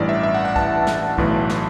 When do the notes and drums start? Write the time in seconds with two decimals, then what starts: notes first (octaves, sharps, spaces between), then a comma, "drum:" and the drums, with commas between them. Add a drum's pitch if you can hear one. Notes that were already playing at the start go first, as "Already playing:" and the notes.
Already playing: A1 G2 E3 D5
0.09 E5
0.23 E5
0.34 F#5
0.45 F#5
0.56 A5, drum: kick
0.87 drum: snare
1.18 B1 A2 E3, drum: kick
1.49 drum: snare